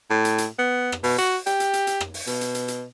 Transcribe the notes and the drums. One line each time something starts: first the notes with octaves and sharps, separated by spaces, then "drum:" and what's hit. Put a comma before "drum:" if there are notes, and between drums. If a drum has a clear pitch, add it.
A2
drum: hi-hat
drum: hi-hat
B3
drum: rim click
B2, drum: open hi-hat
F#4, drum: hi-hat
G4, drum: hi-hat
drum: hi-hat
drum: hi-hat
drum: hi-hat
drum: rim click
drum: open hi-hat
B2, drum: hi-hat
drum: hi-hat
drum: hi-hat
drum: hi-hat